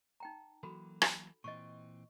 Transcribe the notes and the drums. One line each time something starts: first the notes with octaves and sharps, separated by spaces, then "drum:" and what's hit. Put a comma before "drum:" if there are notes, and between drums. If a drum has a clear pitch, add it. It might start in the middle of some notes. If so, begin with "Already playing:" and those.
D#4 G5 A#5
E3 F#3 A#3 F#4 A4 B5
drum: rim click
A#2 E3 C4 D#5 C#6